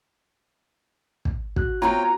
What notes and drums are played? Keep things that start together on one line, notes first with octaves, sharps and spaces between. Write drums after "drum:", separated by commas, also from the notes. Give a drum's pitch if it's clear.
drum: kick
F#4 F#6, drum: kick
B3 C4 F4 C#5 G5 A#5